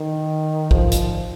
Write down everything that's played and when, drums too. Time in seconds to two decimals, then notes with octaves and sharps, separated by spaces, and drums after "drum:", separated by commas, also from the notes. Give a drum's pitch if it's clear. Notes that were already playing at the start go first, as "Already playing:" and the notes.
Already playing: D#3
0.71 F3, drum: kick
0.92 drum: hi-hat